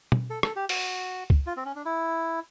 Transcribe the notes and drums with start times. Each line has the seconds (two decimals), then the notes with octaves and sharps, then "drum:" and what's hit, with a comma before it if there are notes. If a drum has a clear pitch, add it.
0.12 drum: tom
0.30 A4
0.43 A4, drum: rim click
0.56 G4
0.69 F#4, drum: open hi-hat
1.30 drum: kick C#2
1.47 F4
1.57 C4
1.65 C#4
1.76 D4
1.85 E4